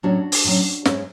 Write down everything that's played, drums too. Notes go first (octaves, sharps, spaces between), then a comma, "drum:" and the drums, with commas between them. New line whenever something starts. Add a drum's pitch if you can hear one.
A2 F#3 C#4 D4 F#4
drum: open hi-hat
A2 F#3 C#4
G#2 G#3 C#4, drum: snare